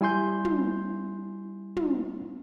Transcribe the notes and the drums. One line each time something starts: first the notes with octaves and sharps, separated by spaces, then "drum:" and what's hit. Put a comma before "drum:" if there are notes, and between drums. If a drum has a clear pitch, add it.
G3 E4 G#5 C6 G6
drum: tom
drum: tom